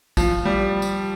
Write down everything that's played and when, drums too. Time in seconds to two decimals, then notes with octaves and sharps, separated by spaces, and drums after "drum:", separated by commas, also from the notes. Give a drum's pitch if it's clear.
0.17 F3, drum: kick A1, tambourine
0.45 G3
0.82 drum: tambourine